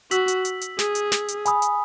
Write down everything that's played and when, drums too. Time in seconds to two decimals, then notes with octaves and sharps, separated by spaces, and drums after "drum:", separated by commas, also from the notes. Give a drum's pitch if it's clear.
0.11 F#4 E6 B6 F#7, drum: hi-hat
0.28 drum: hi-hat
0.45 drum: hi-hat
0.61 drum: hi-hat
0.79 G#4, drum: snare
0.95 drum: hi-hat
1.12 drum: snare
1.28 drum: hi-hat
1.46 G#5 B5 D#6, drum: hi-hat
1.62 drum: hi-hat